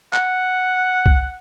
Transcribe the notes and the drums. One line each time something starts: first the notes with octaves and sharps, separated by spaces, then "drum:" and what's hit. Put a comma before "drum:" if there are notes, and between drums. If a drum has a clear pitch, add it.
F#5, drum: clap
drum: kick C2